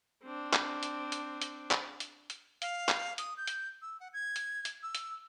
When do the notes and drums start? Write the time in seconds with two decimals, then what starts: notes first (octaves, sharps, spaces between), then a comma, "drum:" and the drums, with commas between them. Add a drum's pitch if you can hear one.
0.24 C4 D4
0.53 drum: clap
0.83 drum: hi-hat
1.12 drum: hi-hat
1.42 drum: hi-hat
1.71 drum: clap
2.00 drum: hi-hat
2.30 drum: hi-hat
2.62 F5, drum: hi-hat
2.89 drum: clap
3.18 D#6, drum: hi-hat
3.37 G6
3.47 drum: hi-hat
3.82 E6
4.00 F#5
4.13 G#6
4.36 drum: hi-hat
4.65 drum: hi-hat
4.83 E6
4.95 drum: hi-hat